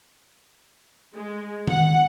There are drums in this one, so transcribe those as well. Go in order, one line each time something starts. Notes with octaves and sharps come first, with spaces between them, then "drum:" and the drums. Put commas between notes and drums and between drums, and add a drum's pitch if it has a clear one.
G#3
F#5, drum: tom D#3